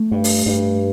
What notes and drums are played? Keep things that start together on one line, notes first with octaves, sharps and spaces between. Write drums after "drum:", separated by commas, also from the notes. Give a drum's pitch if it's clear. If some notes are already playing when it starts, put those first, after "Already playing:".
Already playing: A3
G2
drum: open hi-hat
G2